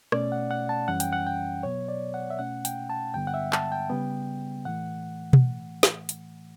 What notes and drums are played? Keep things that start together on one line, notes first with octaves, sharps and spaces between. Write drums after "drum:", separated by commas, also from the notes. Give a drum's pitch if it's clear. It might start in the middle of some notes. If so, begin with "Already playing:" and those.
B2 A3 C#4 D5, drum: rim click
F#5
F#5
A5
F#2 E3 G3 C#4 F#5
G5, drum: hi-hat
F#5
G5
B2 F#3 B3 C#5
D5
F#5
E5
B2 A3 C#4 F#5
G5, drum: hi-hat
A5
G2 D3 G3 B3 G5
F#5
E5
A5, drum: clap
G5
C#3 G3 B3
A2 E3 A3 F#5
drum: tom B2
drum: snare
drum: hi-hat